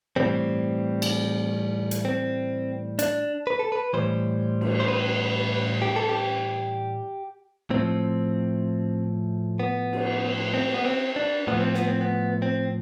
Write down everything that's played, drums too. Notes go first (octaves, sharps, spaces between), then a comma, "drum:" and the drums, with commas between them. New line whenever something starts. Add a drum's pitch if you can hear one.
A2 E3 G3 C4, drum: tom G2
drum: cymbal
drum: hi-hat
C4
D4, drum: hi-hat
B4
A4
B4
A2 E3 G3 C5
drum: cymbal
C5
B4
G4
A4
G4
A2 F3 C4
B3
drum: cymbal
C4
B3
C4
D4
A2 F3 B3
C4
B3, drum: snare
C4
B3
C4